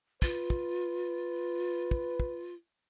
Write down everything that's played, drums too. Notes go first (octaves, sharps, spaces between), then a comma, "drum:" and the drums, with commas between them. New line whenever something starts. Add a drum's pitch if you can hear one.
F4 B4, drum: kick
drum: kick
drum: kick
drum: kick